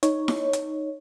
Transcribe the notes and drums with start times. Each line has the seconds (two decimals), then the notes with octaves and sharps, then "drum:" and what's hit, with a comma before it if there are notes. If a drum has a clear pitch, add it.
0.03 D#4 C#5, drum: hi-hat
0.28 drum: snare E4
0.53 drum: hi-hat